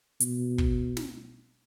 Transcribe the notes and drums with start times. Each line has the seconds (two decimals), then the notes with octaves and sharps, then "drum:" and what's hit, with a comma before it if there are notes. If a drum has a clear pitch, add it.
0.20 B2, drum: hi-hat
0.58 drum: kick
0.97 drum: snare